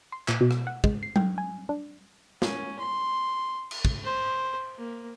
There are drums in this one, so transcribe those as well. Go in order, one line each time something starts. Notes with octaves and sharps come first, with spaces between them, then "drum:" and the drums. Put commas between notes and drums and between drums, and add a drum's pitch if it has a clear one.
C6
A#2, drum: clap
B2
drum: rim click
F#5
G#3, drum: kick
C7
G5, drum: tom F#3
G#5
D4
C#4, drum: snare
C6
drum: cymbal
drum: kick
C5
A#3